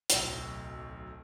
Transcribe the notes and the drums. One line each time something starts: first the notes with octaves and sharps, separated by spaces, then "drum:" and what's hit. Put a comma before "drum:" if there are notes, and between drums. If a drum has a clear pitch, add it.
D1 B1, drum: hi-hat